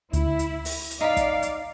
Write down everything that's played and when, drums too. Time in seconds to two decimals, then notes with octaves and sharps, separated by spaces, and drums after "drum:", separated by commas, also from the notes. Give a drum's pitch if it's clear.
0.13 D2 E4, drum: hi-hat
0.39 drum: hi-hat
0.65 drum: open hi-hat
0.91 drum: hi-hat
1.01 D#4 D5 F5 B5
1.17 drum: kick, hi-hat
1.42 drum: hi-hat